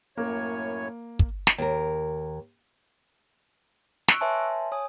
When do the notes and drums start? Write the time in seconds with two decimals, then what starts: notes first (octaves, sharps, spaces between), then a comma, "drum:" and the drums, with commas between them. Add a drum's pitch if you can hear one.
0.17 F#2 A2 A#3 C#5
1.19 drum: kick
1.47 drum: snare
1.58 D#2 A#4
4.08 C#6 E6 F#6 D7, drum: snare
4.21 B4 C#5 E5 G#5 A5 C6
4.72 C#5 G#5 D#6